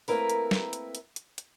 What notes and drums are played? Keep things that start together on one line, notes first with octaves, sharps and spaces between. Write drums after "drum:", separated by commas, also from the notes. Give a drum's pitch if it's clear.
A3 A#3 C4 E4 A#4 B4, drum: open hi-hat
drum: hi-hat
drum: snare
drum: hi-hat
drum: hi-hat
drum: hi-hat
drum: hi-hat